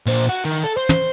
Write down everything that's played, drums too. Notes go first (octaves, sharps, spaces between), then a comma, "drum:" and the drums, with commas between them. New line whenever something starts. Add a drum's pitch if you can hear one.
A#2 C5, drum: cymbal
F#4
D#3
A4
C5
drum: tom